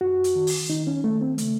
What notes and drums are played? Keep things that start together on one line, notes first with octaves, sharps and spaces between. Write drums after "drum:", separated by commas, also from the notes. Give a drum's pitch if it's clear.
F#2 F#4
drum: hi-hat
D#3
drum: open hi-hat
D#3 D#4
C#4
D#3 A3
C4
C#3 A3, drum: hi-hat